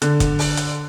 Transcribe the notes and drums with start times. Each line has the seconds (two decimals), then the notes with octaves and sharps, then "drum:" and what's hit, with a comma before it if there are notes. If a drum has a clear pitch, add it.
0.02 D3, drum: hi-hat
0.20 drum: kick, hi-hat
0.39 drum: open hi-hat
0.57 drum: hi-hat